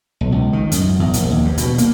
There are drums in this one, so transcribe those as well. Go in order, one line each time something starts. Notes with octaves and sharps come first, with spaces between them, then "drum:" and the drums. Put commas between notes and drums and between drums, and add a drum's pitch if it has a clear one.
B1
C#2
D#3
F#2, drum: hi-hat
E2
A#1, drum: hi-hat
D#2
G2
B2, drum: hi-hat
A#3, drum: hi-hat